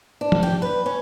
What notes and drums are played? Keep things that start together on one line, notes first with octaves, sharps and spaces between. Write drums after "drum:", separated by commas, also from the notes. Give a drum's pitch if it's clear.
D4
drum: tom F3
G4
B4
C#4